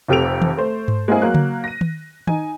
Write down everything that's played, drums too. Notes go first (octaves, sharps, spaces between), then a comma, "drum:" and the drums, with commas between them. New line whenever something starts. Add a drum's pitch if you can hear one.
F1 F2 G4 A4 D7 F7
drum: tom D#3
A3 C5
drum: tom G#2
G#3 A#3 C4 E4 G#4
F#3 A#3 F#6
drum: tom C#3
A#6 D#7
drum: tom D#3
D#4 G#5, drum: tom D#3